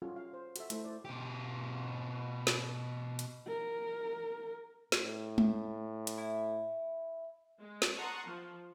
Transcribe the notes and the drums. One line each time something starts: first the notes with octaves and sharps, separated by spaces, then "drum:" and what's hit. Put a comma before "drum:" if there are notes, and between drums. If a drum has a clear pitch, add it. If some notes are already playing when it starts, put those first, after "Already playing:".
G3 C#4 F4 F#4 G#4 A4
F5
C5
F#4 A4 E5, drum: hi-hat
A3 E4 C5, drum: hi-hat
C5 D5
B2 G4
drum: snare
drum: hi-hat
A#4
A2, drum: snare
drum: tom G#3
drum: hi-hat
E4
G#3
drum: snare
F#5 A5 A#5 C6 C#6 D#6
F3